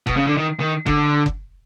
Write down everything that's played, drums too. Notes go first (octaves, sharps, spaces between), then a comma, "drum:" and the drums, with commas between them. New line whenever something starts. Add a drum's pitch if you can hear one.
B2, drum: kick F#1
C#3
D3
D#3
D#3
D3, drum: kick F#1
drum: kick F#1